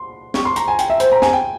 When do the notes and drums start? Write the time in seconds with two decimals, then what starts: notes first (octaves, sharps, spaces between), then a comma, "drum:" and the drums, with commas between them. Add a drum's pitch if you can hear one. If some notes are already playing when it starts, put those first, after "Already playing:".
Already playing: C6
0.34 C#6, drum: snare
0.45 C6
0.56 A#5, drum: hi-hat
0.68 G#5
0.79 G5, drum: hi-hat
0.90 E5
1.00 C5, drum: hi-hat
1.12 A#5
1.22 G#5, drum: snare
1.33 G5